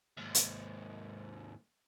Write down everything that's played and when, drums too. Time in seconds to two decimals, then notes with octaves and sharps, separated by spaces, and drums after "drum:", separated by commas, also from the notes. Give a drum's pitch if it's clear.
0.17 D#2 G#2
0.35 drum: hi-hat